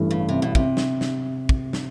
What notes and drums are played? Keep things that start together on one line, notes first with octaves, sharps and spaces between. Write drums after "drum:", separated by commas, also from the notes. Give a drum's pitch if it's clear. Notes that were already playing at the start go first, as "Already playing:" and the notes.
Already playing: A1 G2 E3 A3
C#3
C3
B2
C3, drum: kick
drum: snare
drum: snare
drum: kick
drum: snare